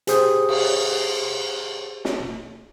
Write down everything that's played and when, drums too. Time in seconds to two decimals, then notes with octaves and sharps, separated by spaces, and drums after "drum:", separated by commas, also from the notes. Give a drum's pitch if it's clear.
0.07 G4 G#4 C5 D#6 G6, drum: hi-hat
0.49 drum: cymbal
2.05 drum: snare